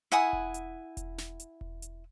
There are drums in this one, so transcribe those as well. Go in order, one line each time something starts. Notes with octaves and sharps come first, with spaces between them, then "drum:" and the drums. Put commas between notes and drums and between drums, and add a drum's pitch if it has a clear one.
E4 F#5 G#5 D#6, drum: hi-hat
drum: kick E1
drum: hi-hat
drum: kick E1, hi-hat
drum: snare
drum: hi-hat
drum: kick E1
drum: hi-hat